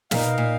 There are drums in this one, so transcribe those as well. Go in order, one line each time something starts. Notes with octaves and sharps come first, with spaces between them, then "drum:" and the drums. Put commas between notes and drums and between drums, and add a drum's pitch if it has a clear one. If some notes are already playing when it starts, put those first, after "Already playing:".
A#2 D#4 A#4 F5, drum: snare
B2
A#2